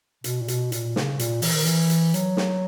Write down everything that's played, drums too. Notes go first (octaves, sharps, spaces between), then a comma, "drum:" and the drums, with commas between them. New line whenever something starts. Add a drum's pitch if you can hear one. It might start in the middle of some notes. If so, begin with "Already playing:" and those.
B2, drum: hi-hat
A#2
B2, drum: hi-hat
A#2, drum: hi-hat
C#3, drum: snare
A#2, drum: hi-hat
E3, drum: open hi-hat
D#3
E3, drum: hi-hat
drum: hi-hat
F#3, drum: hi-hat
drum: snare